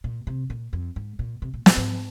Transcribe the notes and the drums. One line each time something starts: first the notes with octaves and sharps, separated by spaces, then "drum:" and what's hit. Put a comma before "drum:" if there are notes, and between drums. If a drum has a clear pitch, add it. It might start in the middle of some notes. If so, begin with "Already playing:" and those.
A#2
C3
A#2
F2
G#2
A#2
C3
A#2
A#2, drum: snare
G#2